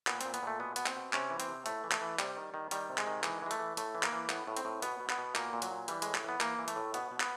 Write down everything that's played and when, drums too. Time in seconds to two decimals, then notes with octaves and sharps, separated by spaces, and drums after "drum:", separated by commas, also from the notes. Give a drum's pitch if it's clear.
0.07 A#2 B3, drum: clap
0.21 A#2 C4, drum: hi-hat
0.34 B3, drum: hi-hat
0.43 A#2 A3
0.60 B2 B3
0.76 B2 B3, drum: hi-hat
0.86 C4, drum: clap
0.96 B2
1.13 C3 C#4, drum: clap
1.31 E3
1.40 C4, drum: hi-hat
1.48 C3
1.66 A2 A3, drum: hi-hat
1.84 E3
1.92 A3, drum: clap
2.01 E3
2.19 C3 G3, drum: clap
2.37 D#3
2.54 D#3
2.71 D#3 G3, drum: hi-hat
2.89 C3
2.98 G#3, drum: clap
3.07 D#3
3.24 E3 G#3, drum: clap
3.42 E3 G#3
3.51 A3, drum: hi-hat
3.59 E3
3.77 A2 A3, drum: hi-hat
3.95 E3
4.03 A#3, drum: clap
4.12 E3
4.30 A2 B3, drum: clap
4.47 A2
4.57 C4, drum: hi-hat
4.65 A2
4.82 B2 B3, drum: hi-hat
5.00 B2
5.10 B3, drum: clap
5.18 B2
5.36 A#2 A#3, drum: clap
5.53 A#2
5.62 F#3, drum: hi-hat
5.71 A#2
5.88 E3 G3, drum: hi-hat
6.02 A2 G#3, drum: hi-hat
6.15 drum: clap
6.24 E3 B3
6.41 E3 A#3, drum: clap
6.59 E3
6.68 A3, drum: hi-hat
6.76 A2
6.94 B2 B3, drum: hi-hat
7.12 B2
7.20 B3, drum: clap